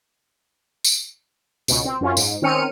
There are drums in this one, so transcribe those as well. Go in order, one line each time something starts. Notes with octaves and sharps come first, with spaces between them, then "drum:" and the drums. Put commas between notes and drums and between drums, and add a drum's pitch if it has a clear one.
drum: tambourine
C#2 B2, drum: tambourine
C4
F#2 C#4 F4
G#2, drum: tambourine
D#3 C4 C#4 F6 C#7 D#7